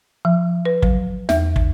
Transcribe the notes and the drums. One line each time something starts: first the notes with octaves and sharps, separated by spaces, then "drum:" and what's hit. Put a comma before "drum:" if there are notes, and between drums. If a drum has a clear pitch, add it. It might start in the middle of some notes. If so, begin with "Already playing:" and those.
F3
B4
F#3, drum: kick
E2, drum: snare
drum: kick